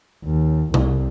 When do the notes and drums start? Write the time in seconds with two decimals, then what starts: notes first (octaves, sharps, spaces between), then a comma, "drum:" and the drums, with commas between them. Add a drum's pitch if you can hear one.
0.25 D#2
0.74 C2, drum: tom C3